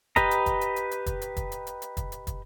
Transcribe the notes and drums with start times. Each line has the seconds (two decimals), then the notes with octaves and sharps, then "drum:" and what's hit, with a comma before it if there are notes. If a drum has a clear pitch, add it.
0.16 G4 B4 D#5 A#5, drum: kick, hi-hat
0.31 drum: hi-hat
0.46 drum: kick, hi-hat
0.61 drum: hi-hat
0.76 drum: hi-hat
0.91 drum: hi-hat
1.06 drum: kick, hi-hat
1.21 drum: hi-hat
1.37 drum: kick, hi-hat
1.52 drum: hi-hat
1.67 drum: hi-hat
1.82 drum: hi-hat
1.97 drum: kick, hi-hat
2.12 drum: hi-hat
2.27 drum: kick, hi-hat